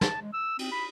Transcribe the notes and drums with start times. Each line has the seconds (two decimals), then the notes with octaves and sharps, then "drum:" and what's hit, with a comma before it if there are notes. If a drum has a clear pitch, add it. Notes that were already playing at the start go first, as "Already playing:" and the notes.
0.01 A5, drum: snare
0.21 G#3
0.33 E6
0.59 C4, drum: cymbal
0.72 B5